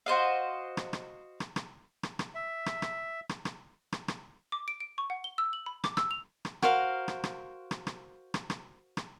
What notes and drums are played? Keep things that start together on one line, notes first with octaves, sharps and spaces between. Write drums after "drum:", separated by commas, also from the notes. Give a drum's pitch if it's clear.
F#4 C5 D#5 F5
drum: rim click
drum: rim click
drum: rim click
drum: rim click
drum: rim click
drum: rim click
E5
drum: rim click
drum: rim click
drum: rim click
drum: rim click
drum: rim click
drum: rim click
D6
D7
D7
C#6
F#5
G7
E6
F#7
B5
D6, drum: rim click
E6, drum: rim click
F7
drum: rim click
F#4 A#4 C5 F5, drum: rim click
drum: rim click
drum: rim click
drum: rim click
drum: rim click
drum: rim click
drum: rim click
drum: rim click